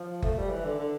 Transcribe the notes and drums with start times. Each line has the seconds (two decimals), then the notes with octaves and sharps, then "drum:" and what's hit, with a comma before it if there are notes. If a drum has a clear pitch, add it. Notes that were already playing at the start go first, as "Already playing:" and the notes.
Already playing: F3
0.22 A3, drum: kick F#1
0.37 G3
0.51 E3
0.65 D3
0.79 D3